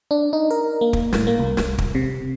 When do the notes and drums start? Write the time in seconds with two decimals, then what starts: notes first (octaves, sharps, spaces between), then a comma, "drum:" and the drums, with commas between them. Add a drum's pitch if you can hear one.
0.11 D4
0.33 D#4
0.51 A#4
0.81 A#3
0.93 drum: kick
1.13 A2, drum: snare
1.27 A#3
1.40 C2
1.57 drum: snare
1.78 drum: kick
1.95 C3